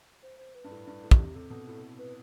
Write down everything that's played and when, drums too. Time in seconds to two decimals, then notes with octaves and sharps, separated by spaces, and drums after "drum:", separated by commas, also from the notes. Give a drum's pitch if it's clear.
0.22 C5
0.38 C5
0.55 B4
0.64 G2
0.71 A2
0.87 G2
1.03 A2
1.11 D3 F#4, drum: kick
1.18 C3 G4
1.35 C3 A4
1.50 B2 A4
1.67 A2 A4
1.98 B4